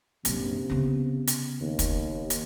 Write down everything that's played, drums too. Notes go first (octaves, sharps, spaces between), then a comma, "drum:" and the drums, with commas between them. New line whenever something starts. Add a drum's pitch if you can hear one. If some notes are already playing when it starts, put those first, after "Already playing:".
A#1 F#2 C3, drum: hi-hat
C#3 B3
drum: hi-hat
D#2
drum: kick, hi-hat
drum: hi-hat